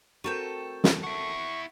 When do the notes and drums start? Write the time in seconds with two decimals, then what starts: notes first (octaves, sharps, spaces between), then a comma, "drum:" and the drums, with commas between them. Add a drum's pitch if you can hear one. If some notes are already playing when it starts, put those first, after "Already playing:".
0.24 A3 C4 F#4 A4 A#4 G5
0.84 drum: snare
1.03 E4 F#5 C#6